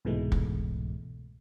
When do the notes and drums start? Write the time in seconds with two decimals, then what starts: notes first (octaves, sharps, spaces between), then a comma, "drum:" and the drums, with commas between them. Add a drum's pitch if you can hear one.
0.05 C2 G#2 B2 E3 G#3 A3
0.32 drum: kick